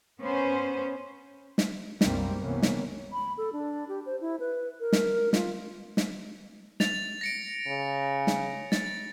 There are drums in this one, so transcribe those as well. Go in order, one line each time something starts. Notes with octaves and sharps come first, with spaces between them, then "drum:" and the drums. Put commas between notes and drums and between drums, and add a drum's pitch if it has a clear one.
B3 C#4 C5
drum: snare
C2 F#2 G3 A#3 C4, drum: snare
C3 E3 A#3 B3 C#4
drum: snare
B5
A4
D4
G4
C5
E4
B4
A#4
drum: snare
F4, drum: snare
drum: snare
A6 F7, drum: snare
A#6 C#7 D7
C#3
drum: snare
A6, drum: snare